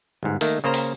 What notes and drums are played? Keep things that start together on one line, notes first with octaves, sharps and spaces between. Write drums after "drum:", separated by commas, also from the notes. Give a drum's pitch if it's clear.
G1 G#2
D#3 A3 A#3, drum: open hi-hat
C#3 A#3 C5 A#5
drum: open hi-hat